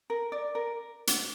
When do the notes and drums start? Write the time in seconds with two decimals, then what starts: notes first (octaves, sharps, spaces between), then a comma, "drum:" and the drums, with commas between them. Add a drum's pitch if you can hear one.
0.10 A#4
0.32 D5
0.55 A#4
1.07 drum: hi-hat